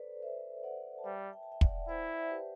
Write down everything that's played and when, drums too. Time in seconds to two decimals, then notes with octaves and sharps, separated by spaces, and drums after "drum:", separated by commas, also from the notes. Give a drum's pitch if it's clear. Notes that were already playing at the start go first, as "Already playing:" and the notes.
Already playing: A4 B4 C5 D5
0.22 C5 E5
0.64 D5 F#5
0.98 A5
1.05 G3 E5 G5
1.33 G5
1.43 A5
1.52 E5 G5
1.61 D5 F#5, drum: kick
1.88 E4 C5 E5
2.31 G4 B4